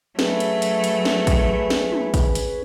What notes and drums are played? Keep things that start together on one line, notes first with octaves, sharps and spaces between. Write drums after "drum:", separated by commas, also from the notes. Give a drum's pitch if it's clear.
F#3 A3 C#4 G#4 B4, drum: snare
drum: hi-hat
drum: hi-hat
drum: hi-hat
drum: snare
drum: kick, hi-hat
drum: snare
drum: tom
drum: kick, hi-hat
drum: hi-hat